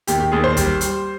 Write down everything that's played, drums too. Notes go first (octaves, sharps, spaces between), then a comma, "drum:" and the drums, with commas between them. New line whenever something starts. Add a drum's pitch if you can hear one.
D#2 G4, drum: hi-hat
G4
D#2 G#4
C5
G3, drum: kick, hi-hat
G3, drum: hi-hat